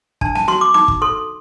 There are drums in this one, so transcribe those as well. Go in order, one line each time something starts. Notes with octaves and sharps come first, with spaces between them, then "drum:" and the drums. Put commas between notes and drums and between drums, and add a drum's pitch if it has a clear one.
D4 A5, drum: kick
A5, drum: snare
F#4 C6, drum: snare
D6
D#4 D6, drum: snare
drum: kick
A4 C6